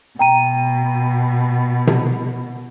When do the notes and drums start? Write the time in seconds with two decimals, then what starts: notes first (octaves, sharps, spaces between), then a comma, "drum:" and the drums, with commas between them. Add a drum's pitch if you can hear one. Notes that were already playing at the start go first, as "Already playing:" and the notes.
0.19 B2 G5 A#5 D#7
1.87 drum: tom C3